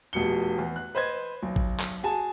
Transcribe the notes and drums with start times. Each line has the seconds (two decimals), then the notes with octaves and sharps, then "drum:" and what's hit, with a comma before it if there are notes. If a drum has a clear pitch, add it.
0.13 F1 B2 C#7 G7
0.58 E2
0.76 F#6
0.95 B4 C5 D#5 G#6
1.43 B1
1.56 drum: kick A1
1.80 drum: clap
2.03 F#4 G#4 G#5 A5